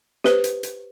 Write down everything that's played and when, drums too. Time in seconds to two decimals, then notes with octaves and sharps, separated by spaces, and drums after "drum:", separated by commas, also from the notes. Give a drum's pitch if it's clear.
0.24 G4 B4 C5, drum: snare
0.44 drum: hi-hat
0.63 drum: hi-hat